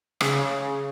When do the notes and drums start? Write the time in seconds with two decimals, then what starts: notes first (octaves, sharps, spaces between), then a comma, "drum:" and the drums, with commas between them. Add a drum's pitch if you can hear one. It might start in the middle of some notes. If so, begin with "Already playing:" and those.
0.21 C#3, drum: rim click